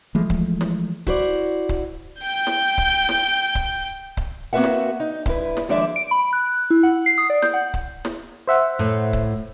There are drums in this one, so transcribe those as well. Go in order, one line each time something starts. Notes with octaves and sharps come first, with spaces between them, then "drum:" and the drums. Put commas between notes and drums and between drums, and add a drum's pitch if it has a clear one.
E3 F3 G#3 A3
drum: kick C#1
drum: snare
E4 F#4 C5 D5, drum: kick C#1
drum: kick C#1
G5 G6
drum: snare
drum: kick C#1
drum: snare
drum: kick C#1
drum: kick C#1
A#3 C4 F#4 B4 E5 F#5
drum: snare
D#4
G2 E4 B4, drum: kick C#1
drum: snare
D#2 F3 G#3 D4 D5 E5
D7
B5
F#6
E4
F#5
C7
D#6
D5
G6, drum: snare
F#5
drum: kick C#1
drum: snare
C5 E5 F#5
A2 A3
drum: kick C#1